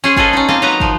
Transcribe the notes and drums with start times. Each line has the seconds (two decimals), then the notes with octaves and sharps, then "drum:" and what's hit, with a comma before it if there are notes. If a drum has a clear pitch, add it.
0.04 C#4 G#4 C5
0.16 F4 G#4 A4 B4 D#5, drum: kick
0.33 C#4 D#4
0.48 A#3 C4 D#5 F5 A5
0.62 F#3 D#4 B4 A#5
0.80 D#3 F3, drum: kick